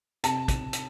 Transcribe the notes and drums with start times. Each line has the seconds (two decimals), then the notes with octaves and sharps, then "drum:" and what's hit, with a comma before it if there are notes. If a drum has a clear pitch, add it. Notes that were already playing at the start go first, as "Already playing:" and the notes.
0.24 C3 A5, drum: hi-hat
0.48 drum: kick, hi-hat
0.73 drum: hi-hat